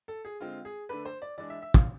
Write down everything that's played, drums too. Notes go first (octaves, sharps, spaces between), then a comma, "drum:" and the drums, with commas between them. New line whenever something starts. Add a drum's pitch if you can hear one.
A4
G#4
D3 G#3 C4 F4
G#4
D3 A3 D4 B4
C5
D5
E3 G#3 D4 D5
E5
E5
F5, drum: kick